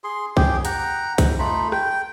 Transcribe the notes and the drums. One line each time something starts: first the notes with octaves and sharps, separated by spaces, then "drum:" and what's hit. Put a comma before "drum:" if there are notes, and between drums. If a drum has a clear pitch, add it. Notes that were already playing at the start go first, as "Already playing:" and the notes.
G#4 C6
G4 G#4 G5, drum: kick
F#5 G5 A#5, drum: hi-hat
drum: kick, hi-hat
A3 D#4 F4 B5
G5, drum: rim click